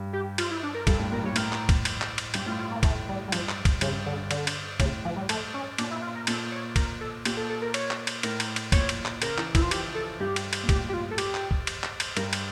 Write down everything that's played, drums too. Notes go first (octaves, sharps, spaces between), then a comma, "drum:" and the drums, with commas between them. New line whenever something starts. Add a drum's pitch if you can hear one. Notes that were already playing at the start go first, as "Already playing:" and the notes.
Already playing: G2
G4
F4, drum: cymbal
E4
D4
A#4
G2 A4, drum: kick, cymbal
A2
A#2 A#4
G2 C#5
A2 A#4, drum: cymbal
drum: clap
drum: kick, cymbal
drum: cymbal
drum: clap
drum: cymbal
G2 G4, drum: cymbal
A2 F4
F4
A#3
A2 A3, drum: kick, cymbal
G3
G3
G2 F3, drum: cymbal
drum: clap
drum: kick, cymbal
G2 C#3, drum: cymbal
D3
D3, drum: cymbal
drum: cymbal
A2 C#3, drum: kick, cymbal
F3
G3
A3, drum: cymbal
C#4
A#2 D4, drum: cymbal
E4
F4
A#4
A#2 A4, drum: cymbal
C#5
A#4, drum: kick, cymbal
A4
A#2 G4, drum: cymbal
A4
A4
A#4
C#5, drum: cymbal
drum: clap
drum: cymbal
A2 A#4, drum: cymbal
drum: cymbal
drum: cymbal
A#2 C#5, drum: kick, cymbal
drum: cymbal
drum: clap
C#3 A#4, drum: cymbal
E3, drum: clap
F3 E4, drum: kick, cymbal
F4
G4, drum: cymbal
A4
G2 G4
drum: cymbal
drum: cymbal
A#2
A2 G4, drum: kick, cymbal
G4
F4
A4
G4, drum: cymbal
drum: clap
drum: kick
drum: cymbal
drum: clap
drum: cymbal
G2 A#4, drum: cymbal
drum: cymbal